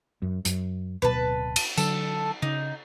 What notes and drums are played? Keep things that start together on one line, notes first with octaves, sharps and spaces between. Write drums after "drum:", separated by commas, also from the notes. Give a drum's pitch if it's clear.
F#2
F#2, drum: hi-hat
D1 B2 B4 A5
drum: cymbal
D3 F#3 A4, drum: tambourine
C#3 D#4